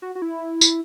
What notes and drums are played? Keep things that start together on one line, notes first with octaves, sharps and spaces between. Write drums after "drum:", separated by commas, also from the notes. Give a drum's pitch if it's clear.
F#4
F#4
E4
drum: tambourine